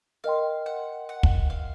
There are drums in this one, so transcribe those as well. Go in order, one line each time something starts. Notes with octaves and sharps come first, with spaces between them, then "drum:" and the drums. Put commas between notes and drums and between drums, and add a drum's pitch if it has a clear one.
A#4 D#5 F5 G5 C6
F#5
F#5
drum: kick
F5